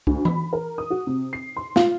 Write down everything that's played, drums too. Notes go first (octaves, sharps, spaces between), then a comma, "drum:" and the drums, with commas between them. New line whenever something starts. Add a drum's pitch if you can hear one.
D2, drum: kick
B5, drum: tom E3
A#4
D#6
F#4
C3
C7
C6
F4, drum: snare